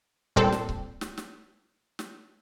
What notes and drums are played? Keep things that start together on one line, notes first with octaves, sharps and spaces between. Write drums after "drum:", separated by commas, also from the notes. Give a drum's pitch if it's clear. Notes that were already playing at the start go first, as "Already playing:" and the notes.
A#2 G3 C4 A4, drum: kick C#1
drum: snare
drum: kick C#1
drum: snare
drum: snare
drum: snare